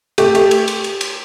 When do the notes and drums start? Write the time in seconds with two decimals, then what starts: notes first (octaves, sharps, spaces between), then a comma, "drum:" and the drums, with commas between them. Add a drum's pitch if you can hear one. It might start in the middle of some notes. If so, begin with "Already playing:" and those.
0.18 A3 G4, drum: cymbal
0.35 A3, drum: cymbal
0.51 drum: cymbal
0.68 drum: cymbal
0.84 drum: cymbal
1.01 drum: cymbal